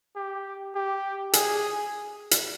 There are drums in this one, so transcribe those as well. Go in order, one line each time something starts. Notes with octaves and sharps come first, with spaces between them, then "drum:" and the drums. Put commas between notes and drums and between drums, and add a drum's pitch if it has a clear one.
G4
G4
G#4, drum: hi-hat
drum: hi-hat